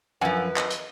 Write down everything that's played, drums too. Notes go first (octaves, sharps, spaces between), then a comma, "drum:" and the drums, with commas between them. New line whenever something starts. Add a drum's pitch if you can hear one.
F#2 F3 B4 F#5 G#5
D#5, drum: clap
drum: hi-hat